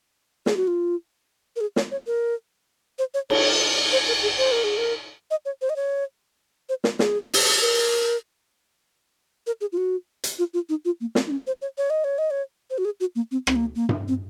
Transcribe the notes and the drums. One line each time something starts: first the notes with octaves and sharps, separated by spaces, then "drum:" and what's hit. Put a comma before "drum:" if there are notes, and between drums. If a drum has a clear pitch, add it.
G#4, drum: snare
F#4
F4
A#4
G#4
C#5, drum: snare
C#5
A#4
C5
C#5
C#5, drum: cymbal
C5
A#4
G#4
C5
A#4
G#4
A#4
D#5
C#5
C5
D#5
C#5
C5
A#4, drum: snare
G#4, drum: snare
drum: open hi-hat
A#4
A#4
G#4
F4
F#4
drum: hi-hat
F4
F4
D#4
F4
A#3
C4, drum: snare
D#4
C#4
C5
C#5
C#5
D#5
C#5
D#5
C#5
C5
F#4
G#4
F#4
A#3
C4
C4, drum: rim click
A#3
A#3
drum: tom G2
C4